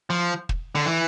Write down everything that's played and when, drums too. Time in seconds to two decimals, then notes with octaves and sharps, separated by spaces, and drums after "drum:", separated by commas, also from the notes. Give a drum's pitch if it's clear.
0.10 F3
0.49 drum: kick
0.75 D3
0.86 E3